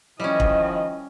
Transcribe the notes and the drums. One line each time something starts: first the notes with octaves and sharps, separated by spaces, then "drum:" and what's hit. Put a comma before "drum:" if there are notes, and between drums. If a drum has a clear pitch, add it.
D#3 F3 G3 C#4 E4 D#5
drum: kick